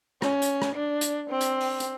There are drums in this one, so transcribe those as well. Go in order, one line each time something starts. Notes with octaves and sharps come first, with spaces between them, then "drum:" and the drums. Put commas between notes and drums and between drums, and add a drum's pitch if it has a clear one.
C#4, drum: rim click
drum: hi-hat
drum: rim click
D4
drum: hi-hat
C4
drum: hi-hat
drum: open hi-hat
drum: hi-hat